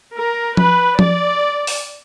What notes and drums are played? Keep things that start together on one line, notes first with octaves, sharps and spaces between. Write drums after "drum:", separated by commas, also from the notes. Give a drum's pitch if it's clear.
A#4
B4, drum: tom F3
D5, drum: tom F3
drum: open hi-hat